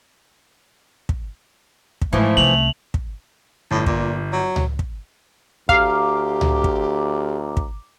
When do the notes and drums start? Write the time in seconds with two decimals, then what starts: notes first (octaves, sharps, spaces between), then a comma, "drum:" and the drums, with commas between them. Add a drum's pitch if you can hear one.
1.09 drum: kick
2.02 drum: kick
2.13 G#2 E3 F3 A3
2.37 C2 C#4 F7 F#7
2.94 drum: kick
3.71 G1 A2
3.86 A#2, drum: kick
4.33 F#3
4.56 drum: tom C#2
4.79 drum: kick
5.69 D2 G4 F5 A#5 D6, drum: kick
6.41 drum: tom C#2
6.64 drum: kick
7.57 drum: kick